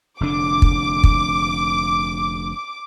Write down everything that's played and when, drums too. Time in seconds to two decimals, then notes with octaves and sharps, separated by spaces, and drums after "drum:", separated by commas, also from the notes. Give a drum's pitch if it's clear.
0.21 F1 D3 D4 D6
0.62 drum: kick
1.03 drum: kick